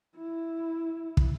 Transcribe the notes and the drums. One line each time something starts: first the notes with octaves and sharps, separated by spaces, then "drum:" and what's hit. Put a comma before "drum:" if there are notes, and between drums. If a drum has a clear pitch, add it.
E4
drum: kick